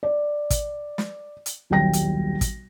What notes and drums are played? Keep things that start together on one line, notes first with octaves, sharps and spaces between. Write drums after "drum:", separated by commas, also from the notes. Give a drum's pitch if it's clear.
D5
drum: kick, hi-hat
drum: snare
drum: hi-hat
D#1 B1 G3 G5 A#6
drum: hi-hat
drum: kick, hi-hat